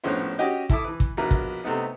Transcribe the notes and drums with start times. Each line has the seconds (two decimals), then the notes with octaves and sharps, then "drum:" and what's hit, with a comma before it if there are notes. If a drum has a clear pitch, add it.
0.04 A#1 A2 B3 C#4 C5
0.38 C#4 F#4 G4 D#5
0.69 E4 A4 E5 D6 D#6, drum: kick
0.84 E3 B4
1.00 drum: kick
1.17 A#1 B2 A#4 B4 E5
1.31 drum: kick
1.64 C3 A3 B3 D#4